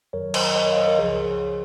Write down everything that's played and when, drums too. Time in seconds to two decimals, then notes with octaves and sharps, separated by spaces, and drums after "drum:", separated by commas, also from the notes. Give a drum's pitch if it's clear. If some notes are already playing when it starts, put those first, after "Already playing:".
0.13 F#2 D#3 F#3 A#4 C#5
0.34 C5 D#5, drum: cymbal
0.55 C5 D#5
0.66 A#4 C#5
0.72 F5
0.77 C5 D#5
0.87 A#4 C#5
0.98 C#2 C#3 F3 G#4 C5